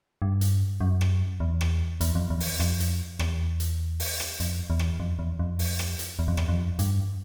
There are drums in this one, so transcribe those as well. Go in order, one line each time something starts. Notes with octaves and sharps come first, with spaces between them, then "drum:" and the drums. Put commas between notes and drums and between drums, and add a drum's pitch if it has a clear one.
G2
drum: hi-hat
F#2
drum: rim click
E2
drum: rim click
E2, drum: hi-hat
F2
E2
drum: open hi-hat
F2, drum: rim click
drum: hi-hat
E2, drum: rim click
drum: hi-hat
drum: open hi-hat
drum: rim click
F2, drum: hi-hat
E2
drum: rim click
F2
E2
F2
drum: open hi-hat
drum: rim click
drum: hi-hat
E2
F2
E2, drum: rim click
F2
G2, drum: hi-hat